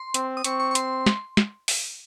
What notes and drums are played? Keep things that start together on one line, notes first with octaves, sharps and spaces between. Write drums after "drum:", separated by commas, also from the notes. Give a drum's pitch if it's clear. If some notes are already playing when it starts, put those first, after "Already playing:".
Already playing: C6
C4, drum: hi-hat
D#6
C4 C#6, drum: hi-hat
C#6
C#6
C6, drum: hi-hat
drum: snare
drum: snare
drum: open hi-hat